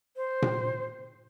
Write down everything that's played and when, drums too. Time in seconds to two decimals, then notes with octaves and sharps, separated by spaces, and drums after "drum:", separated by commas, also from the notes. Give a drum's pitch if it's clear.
0.17 C5
0.42 drum: tom A#2